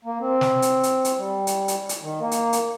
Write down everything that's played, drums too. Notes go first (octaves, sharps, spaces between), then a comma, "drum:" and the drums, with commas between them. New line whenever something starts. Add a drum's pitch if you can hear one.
A#3
C4
drum: snare
drum: hi-hat
drum: hi-hat
drum: hi-hat
G3
drum: hi-hat
drum: hi-hat
drum: hi-hat
D#3
A#3
drum: hi-hat
drum: hi-hat